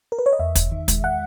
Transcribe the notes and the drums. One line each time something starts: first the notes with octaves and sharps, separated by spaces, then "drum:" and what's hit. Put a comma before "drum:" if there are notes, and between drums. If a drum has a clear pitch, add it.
A#4
B4
C#5
D#5
E2 E5
E2, drum: kick, hi-hat
D#3
G#3, drum: kick, hi-hat
F#5